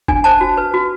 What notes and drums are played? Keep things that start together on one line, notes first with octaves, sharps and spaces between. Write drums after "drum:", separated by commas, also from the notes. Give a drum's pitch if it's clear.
D4 G#5, drum: kick F#1
C5 A5
F#4
B4
F#4